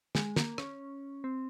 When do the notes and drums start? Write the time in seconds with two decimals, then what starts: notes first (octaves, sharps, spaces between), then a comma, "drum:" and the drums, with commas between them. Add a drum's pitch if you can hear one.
0.15 G#3, drum: snare
0.36 A#3, drum: snare
0.58 C#4, drum: rim click
1.24 C4